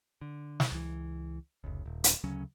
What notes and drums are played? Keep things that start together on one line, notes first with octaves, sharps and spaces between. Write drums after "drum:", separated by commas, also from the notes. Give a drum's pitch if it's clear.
D3
drum: snare
C#2 E3
F1 C#2
D#1
drum: hi-hat
D2 C#3 F#3 C#4